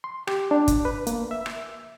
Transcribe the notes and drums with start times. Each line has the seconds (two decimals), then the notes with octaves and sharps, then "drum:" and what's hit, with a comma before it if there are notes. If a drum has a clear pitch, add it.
0.04 C6
0.27 G4, drum: rim click
0.51 D4
0.68 drum: kick, hi-hat
0.85 B4
1.07 A#3, drum: hi-hat
1.31 E5
1.46 drum: rim click